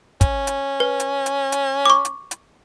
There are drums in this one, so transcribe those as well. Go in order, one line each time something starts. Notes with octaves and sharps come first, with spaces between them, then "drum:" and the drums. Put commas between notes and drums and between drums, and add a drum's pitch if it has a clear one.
C#4, drum: kick, hi-hat
drum: hi-hat
B4
drum: hi-hat
drum: hi-hat
drum: hi-hat
C#6 D6
drum: hi-hat
drum: hi-hat